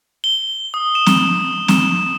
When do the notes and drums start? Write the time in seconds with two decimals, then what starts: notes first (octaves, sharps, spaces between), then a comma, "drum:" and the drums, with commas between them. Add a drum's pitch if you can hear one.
0.24 G7
0.74 D#6
0.95 E7
1.06 drum: snare C4
1.68 E7, drum: snare C4